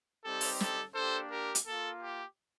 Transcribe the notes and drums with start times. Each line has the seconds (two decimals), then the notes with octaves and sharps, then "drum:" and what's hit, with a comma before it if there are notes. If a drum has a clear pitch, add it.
0.25 G3 C4 D#4 G4 A4
0.41 drum: open hi-hat
0.60 A4, drum: snare
0.95 A#3 D4 G4 A4 C5
1.30 G4 A#4
1.55 drum: hi-hat
1.66 A#3 F4 A4
2.01 G4